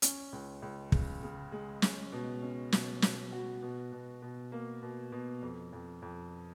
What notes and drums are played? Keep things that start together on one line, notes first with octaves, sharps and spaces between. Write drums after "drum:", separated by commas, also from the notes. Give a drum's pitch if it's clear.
C#4, drum: hi-hat
C#2
C#2
C#3, drum: kick
C#3
G#3
C#4, drum: snare
B2
C#4
B2, drum: snare
B2, drum: snare
F#4
B2
B2
B2
A#3
B2
B2
F2
F2
F2